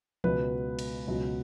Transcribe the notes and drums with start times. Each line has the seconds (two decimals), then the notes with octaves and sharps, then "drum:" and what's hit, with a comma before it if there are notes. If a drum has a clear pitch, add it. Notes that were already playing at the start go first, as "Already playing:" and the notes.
0.24 C#2 B2 F#3 B4, drum: tom E3
0.79 drum: cymbal
1.07 C#2 B2 F#3